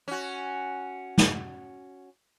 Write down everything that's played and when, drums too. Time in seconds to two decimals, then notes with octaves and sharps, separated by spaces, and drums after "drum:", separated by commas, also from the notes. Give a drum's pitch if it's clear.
0.08 C#4 F#4
1.18 drum: snare